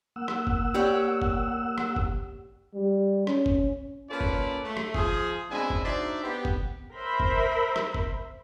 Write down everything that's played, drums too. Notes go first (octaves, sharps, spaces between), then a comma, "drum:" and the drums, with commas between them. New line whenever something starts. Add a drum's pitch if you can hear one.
A#3 F#5 E6
drum: rim click
drum: kick
G4 C#5 D5
drum: kick
drum: rim click
drum: kick
G3
C#4, drum: rim click
drum: kick
A#3 C#4 F4 A4 B4 D5
drum: kick
A3
drum: rim click
F3 G#4, drum: kick
B2 G#3 C4 D4 E4 G#5
drum: kick
D4 D#4 F#4 C5 D5 E5
B3 G4
drum: kick
A#4 C5 E5 B5
drum: kick
drum: rim click
drum: kick